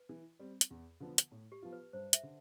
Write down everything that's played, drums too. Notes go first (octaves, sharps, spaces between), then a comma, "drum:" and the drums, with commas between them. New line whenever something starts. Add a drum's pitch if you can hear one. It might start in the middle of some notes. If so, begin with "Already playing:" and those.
Already playing: B4
E3
G3 C4
drum: hi-hat
E2
D3 F3 B3
drum: hi-hat
A2
G4
F3 B3 F4
B4
G2 C5
E5, drum: hi-hat
D3